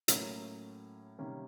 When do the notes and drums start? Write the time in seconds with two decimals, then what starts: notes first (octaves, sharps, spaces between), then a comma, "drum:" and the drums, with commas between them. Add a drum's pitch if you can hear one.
0.08 A2 F#3 A#3 C#4, drum: hi-hat
1.19 C3 D#3 G3 A#3 C#4